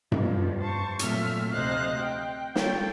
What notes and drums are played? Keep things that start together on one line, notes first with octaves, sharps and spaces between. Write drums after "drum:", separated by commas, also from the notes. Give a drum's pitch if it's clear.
G2 B2 D3 F3, drum: tom F#2
C5 A5 C#6
A#2 F#3 A3 C4 E5 F6, drum: hi-hat
D2 C3 C5 D#5 F5 F#6
G5
G3 G#3 F4 A4 C#5 G5, drum: snare